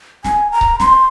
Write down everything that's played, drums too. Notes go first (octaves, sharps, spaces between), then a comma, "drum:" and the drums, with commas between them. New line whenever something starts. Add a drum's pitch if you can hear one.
G#5, drum: snare
A#5
drum: kick C#1
C6, drum: snare